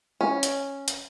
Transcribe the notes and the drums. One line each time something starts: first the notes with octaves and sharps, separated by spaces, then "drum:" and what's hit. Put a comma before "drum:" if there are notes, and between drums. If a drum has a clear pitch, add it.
C#4
drum: hi-hat
drum: hi-hat